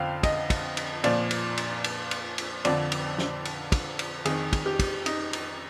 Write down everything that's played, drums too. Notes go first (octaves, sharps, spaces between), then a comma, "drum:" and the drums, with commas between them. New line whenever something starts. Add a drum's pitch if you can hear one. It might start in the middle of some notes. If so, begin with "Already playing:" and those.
Already playing: F2 D3 F5 G5
D#5, drum: kick, cymbal
drum: kick, cymbal
drum: cymbal
A#2 F3 D5, drum: cymbal
drum: cymbal
drum: cymbal
drum: cymbal
drum: cymbal
drum: cymbal
F2 D3 F3 D5, drum: cymbal
drum: cymbal
drum: snare
drum: cymbal
drum: kick, cymbal
drum: cymbal
F2 D#3 G#4, drum: cymbal
drum: kick, cymbal
G4
drum: kick, cymbal
D#4, drum: cymbal
drum: cymbal